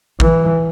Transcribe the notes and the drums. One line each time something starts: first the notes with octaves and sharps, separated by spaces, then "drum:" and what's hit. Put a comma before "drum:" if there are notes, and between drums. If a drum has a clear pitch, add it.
E3, drum: kick A1